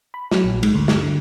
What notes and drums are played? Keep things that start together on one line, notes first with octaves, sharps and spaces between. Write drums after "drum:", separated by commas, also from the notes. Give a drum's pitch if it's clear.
B5
F#3, drum: snare
A#1
G#2, drum: cymbal
D2
G2, drum: snare
D3